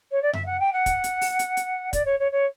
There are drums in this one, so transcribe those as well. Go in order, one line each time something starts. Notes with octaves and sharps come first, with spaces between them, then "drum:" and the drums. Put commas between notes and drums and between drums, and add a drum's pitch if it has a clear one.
C#5
D5
E5, drum: tom F#2
F#5
G5
F#5
drum: kick, hi-hat
drum: hi-hat
drum: open hi-hat
drum: hi-hat
drum: hi-hat
D5, drum: kick, hi-hat
C#5
C#5
C#5